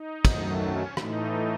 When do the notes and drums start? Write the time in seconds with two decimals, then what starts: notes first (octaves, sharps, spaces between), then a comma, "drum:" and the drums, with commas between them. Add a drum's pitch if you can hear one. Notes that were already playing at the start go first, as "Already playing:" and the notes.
Already playing: D#4
0.25 F#2 D#3 F#3 A3, drum: kick, cymbal
0.60 C#4
0.97 A2 E3 A3 D#4, drum: rim click